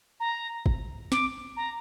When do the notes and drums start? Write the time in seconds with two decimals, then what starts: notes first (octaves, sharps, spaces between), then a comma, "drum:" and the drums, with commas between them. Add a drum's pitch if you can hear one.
0.20 A#5
0.66 drum: kick
1.12 D6, drum: snare
1.57 A#5